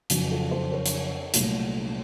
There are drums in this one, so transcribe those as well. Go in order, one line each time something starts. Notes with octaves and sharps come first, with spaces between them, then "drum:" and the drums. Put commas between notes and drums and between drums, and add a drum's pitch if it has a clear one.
F2 C#3 F#3 F#4, drum: hi-hat
F4 A4
A4 C5
A#4 C#5
drum: hi-hat
C2 A#2 F#3 A3, drum: hi-hat